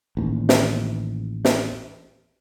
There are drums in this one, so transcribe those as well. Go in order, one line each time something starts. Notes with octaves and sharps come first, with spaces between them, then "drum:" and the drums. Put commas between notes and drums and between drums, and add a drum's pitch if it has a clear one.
A1 D#2
drum: snare
drum: snare